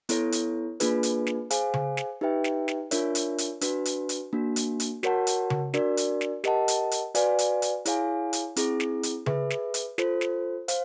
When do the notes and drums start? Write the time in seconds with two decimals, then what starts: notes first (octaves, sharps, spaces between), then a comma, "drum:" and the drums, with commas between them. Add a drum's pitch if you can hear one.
0.09 B3 E4 A4 C#5, drum: hi-hat
0.32 drum: hi-hat
0.80 A#3 D4 F4 G#4 B4, drum: hi-hat
1.03 drum: hi-hat
1.27 drum: snare
1.50 G#4 C5 F5 G#5, drum: hi-hat
1.74 drum: tom C#3
1.97 drum: snare
2.21 D#4 G4 B4 E5 G5
2.44 drum: snare
2.68 drum: snare
2.91 D4 F4 A#4 C#5 E5, drum: hi-hat
3.15 drum: hi-hat
3.38 drum: hi-hat
3.61 D4 F#4 B4, drum: hi-hat
3.85 drum: hi-hat
4.09 drum: hi-hat
4.33 A#3 D4 F#4
4.56 drum: hi-hat
4.80 drum: hi-hat
5.03 F#4 A#4 C#5 F#5 A5, drum: snare
5.27 drum: hi-hat
5.50 drum: tom C#3
5.74 D4 F#4 A#4 D5, drum: snare
5.97 drum: hi-hat
6.21 drum: snare
6.44 G4 A#4 D#5 F#5 A5, drum: snare
6.68 drum: hi-hat
6.91 drum: hi-hat
7.15 F#4 B4 D5 F5 G#5, drum: hi-hat
7.39 drum: hi-hat
7.62 drum: hi-hat
7.85 E4 G#4 C#5 F5 G#5, drum: hi-hat
8.33 drum: hi-hat
8.56 C4 E4 G#4, drum: hi-hat
8.80 drum: snare
9.03 drum: hi-hat
9.26 G#4 B4 E5, drum: tom C#3
9.50 drum: snare
9.74 drum: hi-hat
9.98 F4 A4 C5, drum: snare
10.21 drum: snare
10.68 C5 F5, drum: hi-hat